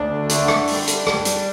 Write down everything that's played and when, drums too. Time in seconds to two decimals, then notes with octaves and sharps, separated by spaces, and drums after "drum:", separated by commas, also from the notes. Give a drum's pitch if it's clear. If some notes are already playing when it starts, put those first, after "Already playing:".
Already playing: D2 D4
0.11 D3
0.29 A3 D4, drum: hi-hat
0.48 D3, drum: rim click
0.67 G3, drum: open hi-hat
0.87 G3, drum: hi-hat
1.07 G3, drum: rim click
1.25 G3, drum: hi-hat